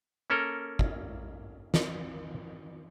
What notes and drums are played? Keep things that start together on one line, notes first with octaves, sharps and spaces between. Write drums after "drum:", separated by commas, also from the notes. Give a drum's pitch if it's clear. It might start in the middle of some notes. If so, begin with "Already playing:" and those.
A#3 C#4 A4 A#4
drum: kick
drum: snare